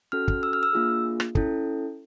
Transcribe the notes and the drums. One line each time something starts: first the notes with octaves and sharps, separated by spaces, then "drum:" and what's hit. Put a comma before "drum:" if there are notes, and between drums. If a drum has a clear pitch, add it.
C#4 F#4 A4 F6
drum: kick
E6
F6
E6
A#3 D4 F4 G#4
drum: rim click
C#4 E4 A4, drum: kick